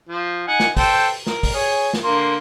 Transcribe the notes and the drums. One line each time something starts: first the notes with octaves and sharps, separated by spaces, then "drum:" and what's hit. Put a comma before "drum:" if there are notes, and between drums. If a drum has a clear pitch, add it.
F3
D#4 F#5 G#5
drum: snare
A4 C5 G5, drum: kick G#1, open hi-hat
A#4, drum: snare
drum: kick G#1, open hi-hat
G#4 C#5
drum: snare
D3 A#3 C6